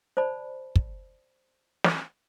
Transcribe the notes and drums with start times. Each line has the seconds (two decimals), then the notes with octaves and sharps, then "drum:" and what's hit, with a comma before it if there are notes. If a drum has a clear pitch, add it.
0.17 C5 D5 A5 B5
0.76 drum: kick
1.84 drum: snare